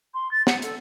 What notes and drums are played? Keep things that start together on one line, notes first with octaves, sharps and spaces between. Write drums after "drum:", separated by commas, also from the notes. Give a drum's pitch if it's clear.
C6
A6
F#5, drum: snare
A4, drum: hi-hat